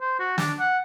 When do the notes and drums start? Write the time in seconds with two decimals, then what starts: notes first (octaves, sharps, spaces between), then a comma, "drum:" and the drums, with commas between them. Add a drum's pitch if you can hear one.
0.01 C5
0.19 F#4
0.38 D4, drum: snare
0.60 F#5